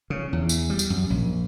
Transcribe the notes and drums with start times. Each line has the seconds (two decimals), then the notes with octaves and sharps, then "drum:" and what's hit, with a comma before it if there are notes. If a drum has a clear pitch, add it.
0.10 C#3
0.33 E2
0.49 drum: tambourine
0.70 G3
0.79 drum: tambourine
0.90 F#2
1.10 A#1